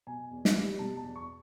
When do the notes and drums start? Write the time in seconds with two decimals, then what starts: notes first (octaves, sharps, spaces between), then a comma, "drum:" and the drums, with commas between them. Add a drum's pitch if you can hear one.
0.07 B2 G#5
0.31 E2
0.45 drum: snare
0.55 G3
0.79 B2 A5
0.97 A5
1.03 E2
1.16 C#6